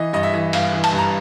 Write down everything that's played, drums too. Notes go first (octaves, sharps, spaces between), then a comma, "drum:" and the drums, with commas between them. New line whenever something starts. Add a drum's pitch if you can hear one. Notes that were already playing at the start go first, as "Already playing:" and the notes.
Already playing: E3 D#5
G2 D#5
E5
E3
G2 F5, drum: cymbal
E3
A5, drum: cymbal
G2
A#5